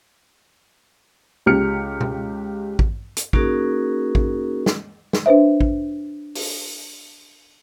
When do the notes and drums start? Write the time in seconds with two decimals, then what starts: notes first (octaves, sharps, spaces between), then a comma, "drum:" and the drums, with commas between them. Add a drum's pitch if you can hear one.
1.46 C#2 G4 F6 C#7
2.01 drum: tom B2
2.79 drum: kick A1
3.17 drum: hi-hat
3.33 A#3 C#4 D#4 F#4 G#4 A#4, drum: kick A1
4.15 drum: kick A1
4.66 drum: snare
5.13 drum: snare
5.26 D4 B4 C5 E5
5.61 drum: kick A1
6.35 drum: open hi-hat